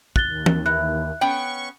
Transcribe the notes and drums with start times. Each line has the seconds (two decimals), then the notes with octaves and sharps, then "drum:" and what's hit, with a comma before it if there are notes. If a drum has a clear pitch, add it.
0.16 D#2 F#6 A6 G7, drum: kick
0.46 drum: tom E3
0.66 E3 F#6
1.21 B3 C#4 G5 C#6